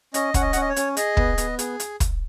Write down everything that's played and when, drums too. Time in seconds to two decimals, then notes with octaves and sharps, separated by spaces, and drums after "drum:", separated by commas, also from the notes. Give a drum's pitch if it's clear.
0.14 C#4 D#5, drum: hi-hat
0.34 C#4 F#5, drum: kick, hi-hat
0.41 D#5
0.53 C#4 F#5, drum: hi-hat
0.61 D#5
0.69 C#5
0.76 C#4, drum: hi-hat
0.97 G#4 D#5, drum: hi-hat
1.17 B3, drum: kick
1.38 B3, drum: hi-hat
1.59 G#4, drum: hi-hat
1.80 drum: hi-hat
2.00 drum: kick, hi-hat